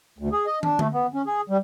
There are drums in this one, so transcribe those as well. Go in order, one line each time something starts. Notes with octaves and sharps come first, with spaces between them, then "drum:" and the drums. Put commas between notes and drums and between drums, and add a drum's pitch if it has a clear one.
D2
G#4
D#5
D4, drum: tom
A3, drum: tom D3
B3
C#4
G#4
G3